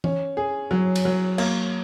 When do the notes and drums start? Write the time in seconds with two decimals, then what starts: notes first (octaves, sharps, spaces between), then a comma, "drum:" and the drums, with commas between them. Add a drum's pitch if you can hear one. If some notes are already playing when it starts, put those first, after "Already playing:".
0.04 C#4, drum: tom
0.37 G#4
0.71 F#3
0.95 drum: cymbal
1.05 F#3
1.38 A#3, drum: cymbal